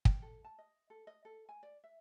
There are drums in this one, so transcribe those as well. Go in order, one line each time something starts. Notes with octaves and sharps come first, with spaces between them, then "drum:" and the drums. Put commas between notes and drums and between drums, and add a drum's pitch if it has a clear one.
G5, drum: kick
A4
A5
D#5
A4
D#5
A4
G#5
D5
E5